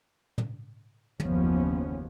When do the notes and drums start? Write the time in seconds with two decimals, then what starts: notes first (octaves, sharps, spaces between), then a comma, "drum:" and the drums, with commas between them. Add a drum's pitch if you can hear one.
0.38 drum: tom A#2
1.20 F#1 D#2 F3 B3 C#4, drum: tom